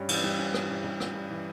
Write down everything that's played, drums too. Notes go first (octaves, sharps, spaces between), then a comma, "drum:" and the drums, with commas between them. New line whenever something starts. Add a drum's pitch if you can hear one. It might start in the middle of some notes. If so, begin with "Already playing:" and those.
Already playing: G2 G3 C#4
E3, drum: cymbal
G3
C#4
G2, drum: rim click
E3
G3
C#4, drum: rim click
G2
E3